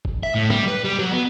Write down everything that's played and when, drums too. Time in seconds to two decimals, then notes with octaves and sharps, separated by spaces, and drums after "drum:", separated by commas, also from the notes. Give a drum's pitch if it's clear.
0.05 drum: kick F#1
0.23 E5
0.35 A2
0.50 G3, drum: tom
0.68 B4
0.84 G3
0.99 F#3
1.11 B3